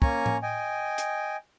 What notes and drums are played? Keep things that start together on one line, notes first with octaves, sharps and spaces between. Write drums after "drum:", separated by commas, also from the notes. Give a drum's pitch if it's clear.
A#3 C#4 G#5 A#5 C#6, drum: kick
drum: tom A2
D#5 G5 G#5
drum: hi-hat